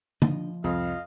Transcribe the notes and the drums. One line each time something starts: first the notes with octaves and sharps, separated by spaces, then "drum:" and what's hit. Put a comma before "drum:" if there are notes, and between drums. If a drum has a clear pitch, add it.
F3 D4 D#5, drum: tom D3
C2 F2 F4 D#5 F5